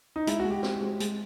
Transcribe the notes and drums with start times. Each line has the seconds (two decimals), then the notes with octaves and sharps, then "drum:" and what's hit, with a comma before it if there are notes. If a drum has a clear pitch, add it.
0.16 D#4
0.27 G#3 E4, drum: hi-hat
0.40 F#4
0.44 G#3
0.51 G4
0.63 C4, drum: snare
0.81 G#3
1.00 G#3, drum: hi-hat